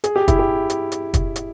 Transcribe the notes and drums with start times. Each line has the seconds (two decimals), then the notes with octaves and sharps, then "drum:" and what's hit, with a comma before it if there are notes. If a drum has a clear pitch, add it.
0.04 G#4, drum: hi-hat
0.16 G4
0.28 E4, drum: kick, hi-hat
0.39 G4
0.70 drum: hi-hat
0.92 drum: hi-hat
1.14 drum: kick, hi-hat
1.36 drum: hi-hat